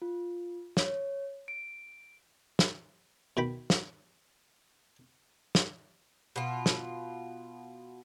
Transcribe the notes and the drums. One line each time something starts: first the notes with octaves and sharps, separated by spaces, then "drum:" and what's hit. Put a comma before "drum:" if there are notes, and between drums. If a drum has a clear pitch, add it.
F4
C#5, drum: snare
D7
drum: snare
B2 D#3 G5 B5
drum: snare
drum: snare
B2 F4
drum: snare